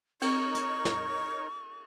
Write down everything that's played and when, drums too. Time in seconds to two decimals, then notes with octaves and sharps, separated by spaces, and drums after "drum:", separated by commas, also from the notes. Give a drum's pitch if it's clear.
0.22 C4 D#4 A#4 C#5 C#6, drum: cymbal
0.55 drum: hi-hat
0.85 drum: snare